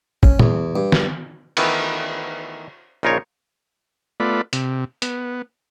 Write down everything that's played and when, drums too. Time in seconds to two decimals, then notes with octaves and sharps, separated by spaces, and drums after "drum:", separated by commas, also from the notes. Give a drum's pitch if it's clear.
0.23 C#4, drum: kick
0.39 E2, drum: tom
0.76 G2
0.92 drum: snare
1.57 D#3 E3 A3 B3, drum: cymbal
3.03 A#1 C#3 D#4 F4 A#4 C#5
4.20 A3 B3 F4 D5 B5
4.53 C3, drum: hi-hat
5.02 B3, drum: hi-hat